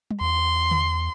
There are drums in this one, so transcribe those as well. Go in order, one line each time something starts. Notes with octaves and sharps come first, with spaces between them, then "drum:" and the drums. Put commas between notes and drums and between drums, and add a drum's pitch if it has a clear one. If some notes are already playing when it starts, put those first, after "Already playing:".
drum: tom G3
E2 C6
drum: tom D3